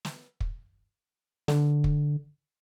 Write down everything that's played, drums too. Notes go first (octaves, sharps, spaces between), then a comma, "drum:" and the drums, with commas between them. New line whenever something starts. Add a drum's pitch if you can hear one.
drum: snare
drum: kick
D3, drum: snare
drum: kick